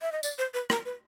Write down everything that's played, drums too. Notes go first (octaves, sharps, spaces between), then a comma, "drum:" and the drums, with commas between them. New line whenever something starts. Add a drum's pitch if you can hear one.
E5
D#5
D5, drum: tambourine
C5
B4
A#4, drum: rim click
B4